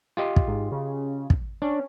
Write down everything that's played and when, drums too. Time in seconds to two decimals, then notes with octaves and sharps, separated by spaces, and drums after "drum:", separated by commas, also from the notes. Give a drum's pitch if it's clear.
0.17 F4 G4 D#5
0.36 drum: kick
0.47 G#2
0.72 C#3
1.30 drum: kick
1.62 C#4 D4